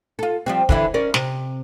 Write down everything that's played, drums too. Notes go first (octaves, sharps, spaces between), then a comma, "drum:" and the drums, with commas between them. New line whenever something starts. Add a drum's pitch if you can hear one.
F4 A4
F3 G3 C4
D3 E3 E4, drum: kick
C#4 A#4 D5
C3, drum: snare